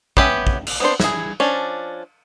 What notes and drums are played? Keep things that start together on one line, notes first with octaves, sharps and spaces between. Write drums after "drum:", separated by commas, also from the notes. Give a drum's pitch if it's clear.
B3 C#4 G4 B4 E5, drum: kick
drum: kick
drum: cymbal
B3 C4 D4 C5
E4 G#4, drum: snare
F3 C#4 D4